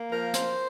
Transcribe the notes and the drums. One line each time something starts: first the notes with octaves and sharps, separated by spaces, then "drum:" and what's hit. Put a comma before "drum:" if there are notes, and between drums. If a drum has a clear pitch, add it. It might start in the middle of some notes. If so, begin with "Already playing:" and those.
Already playing: A#3
F3 A#4
C5, drum: hi-hat